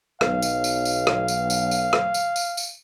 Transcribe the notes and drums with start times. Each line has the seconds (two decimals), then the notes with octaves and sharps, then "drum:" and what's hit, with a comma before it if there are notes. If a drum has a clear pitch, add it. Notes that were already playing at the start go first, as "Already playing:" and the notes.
0.21 B1 F5, drum: rim click
0.42 drum: tambourine
0.64 drum: tambourine
0.85 drum: tambourine
1.07 drum: rim click
1.28 drum: tambourine
1.50 drum: tambourine
1.71 drum: tambourine
1.93 drum: rim click
2.14 drum: tambourine
2.36 drum: tambourine
2.57 drum: tambourine